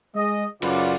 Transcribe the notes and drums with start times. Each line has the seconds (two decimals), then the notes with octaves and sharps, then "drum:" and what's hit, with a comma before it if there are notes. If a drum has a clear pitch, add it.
0.15 G#3 D#5
0.62 F#2 C#3 F4 F#4 B4 D5, drum: cymbal